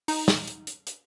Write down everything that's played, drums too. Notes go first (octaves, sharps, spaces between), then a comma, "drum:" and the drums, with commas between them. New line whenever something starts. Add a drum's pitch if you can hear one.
D#4, drum: open hi-hat
drum: snare
drum: hi-hat
drum: hi-hat
drum: hi-hat